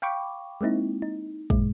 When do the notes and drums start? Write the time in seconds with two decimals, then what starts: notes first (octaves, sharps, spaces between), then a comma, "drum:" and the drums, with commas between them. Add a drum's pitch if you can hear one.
0.02 F5 G5 B5 C#6 D6
0.61 G#3 A#3 C4 D#4 E4
1.02 D#4
1.50 F#2 A#2 G#3, drum: kick